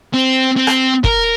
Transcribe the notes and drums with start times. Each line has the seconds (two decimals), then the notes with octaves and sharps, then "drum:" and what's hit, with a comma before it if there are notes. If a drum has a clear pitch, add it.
0.14 C4
0.56 C4
0.67 drum: rim click
1.04 A#4, drum: kick